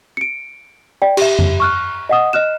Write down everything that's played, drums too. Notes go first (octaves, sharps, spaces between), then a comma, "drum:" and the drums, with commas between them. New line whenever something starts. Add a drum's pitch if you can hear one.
C#7 D7
D5 G5
G4 E5, drum: cymbal
drum: tom F2
C#6 F6 F#6
D#5 F#5 D#6
D#5 F6 F#6 E7